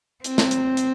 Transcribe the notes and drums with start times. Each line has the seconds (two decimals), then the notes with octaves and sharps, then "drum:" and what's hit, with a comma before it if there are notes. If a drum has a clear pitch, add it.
0.24 C4, drum: hi-hat
0.38 drum: snare
0.51 drum: hi-hat
0.77 drum: hi-hat